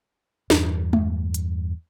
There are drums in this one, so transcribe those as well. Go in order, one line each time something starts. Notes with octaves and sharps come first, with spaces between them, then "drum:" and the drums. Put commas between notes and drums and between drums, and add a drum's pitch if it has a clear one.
E2 G2, drum: snare
drum: tom G#3
drum: hi-hat